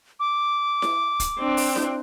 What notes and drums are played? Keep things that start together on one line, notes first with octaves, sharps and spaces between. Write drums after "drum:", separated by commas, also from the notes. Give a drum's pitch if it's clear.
D6
drum: snare E4
drum: kick, hi-hat
C4 D4
drum: open hi-hat
drum: snare E4